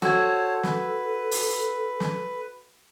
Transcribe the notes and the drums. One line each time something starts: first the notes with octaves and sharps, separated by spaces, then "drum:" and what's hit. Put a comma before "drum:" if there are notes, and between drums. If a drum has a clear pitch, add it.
F#4 A4 C5 C#5 A5 E6 G#6, drum: snare
B4, drum: snare
drum: open hi-hat
drum: snare